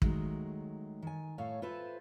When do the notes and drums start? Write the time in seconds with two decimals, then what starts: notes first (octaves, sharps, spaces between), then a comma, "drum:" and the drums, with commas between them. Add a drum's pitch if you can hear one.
0.02 D#3 F#3 G#3 A3, drum: kick
1.02 D#3 G#5
1.38 A2 A4 C#5 F5
1.62 F4 A4 B4 C5 E5